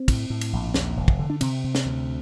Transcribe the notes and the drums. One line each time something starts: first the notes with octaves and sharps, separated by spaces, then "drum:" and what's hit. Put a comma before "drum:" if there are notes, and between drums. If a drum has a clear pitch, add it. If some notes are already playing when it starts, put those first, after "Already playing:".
Already playing: C4
A2, drum: kick, cymbal
A2
drum: cymbal
A#1
D#2, drum: snare
F1
drum: kick
D3
D4
C3 C4, drum: cymbal
C3
drum: snare
D2